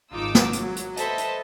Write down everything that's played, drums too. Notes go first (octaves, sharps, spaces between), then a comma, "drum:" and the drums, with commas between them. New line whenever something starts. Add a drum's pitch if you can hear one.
G#1 D#4 F4 D6 E6
drum: snare
F#3, drum: hi-hat
drum: hi-hat
A4 B4 C5 D#5 E5 A5, drum: hi-hat
drum: hi-hat